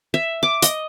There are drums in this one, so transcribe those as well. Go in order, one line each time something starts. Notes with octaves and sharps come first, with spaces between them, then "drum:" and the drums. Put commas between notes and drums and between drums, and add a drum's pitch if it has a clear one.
E5
D6
D#5, drum: hi-hat